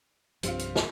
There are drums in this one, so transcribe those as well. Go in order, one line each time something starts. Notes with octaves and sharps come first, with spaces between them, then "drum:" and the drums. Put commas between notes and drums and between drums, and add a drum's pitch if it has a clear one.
C2 G2 F3 G3 C4 F4, drum: hi-hat
drum: hi-hat
drum: snare